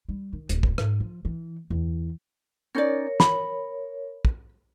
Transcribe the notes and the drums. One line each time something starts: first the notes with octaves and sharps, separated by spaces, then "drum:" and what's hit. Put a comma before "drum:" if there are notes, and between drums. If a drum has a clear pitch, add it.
G3
D#3
D1, drum: hi-hat
drum: kick
G#2, drum: rim click
F3
E3
E2
C#4 D#4 A#4 C#5 D5
B5, drum: snare
drum: kick